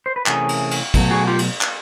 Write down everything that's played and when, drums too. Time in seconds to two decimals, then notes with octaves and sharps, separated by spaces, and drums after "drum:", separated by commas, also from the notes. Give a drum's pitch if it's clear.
0.06 C5
0.16 B4
0.26 C3 E3 A3 C#4 G#4 A#4, drum: clap
0.49 drum: cymbal
0.71 drum: cymbal
0.94 B2 F#3 A3, drum: kick, cymbal
1.11 F#4 G#4
1.27 F4 G4
1.39 drum: cymbal
1.61 drum: clap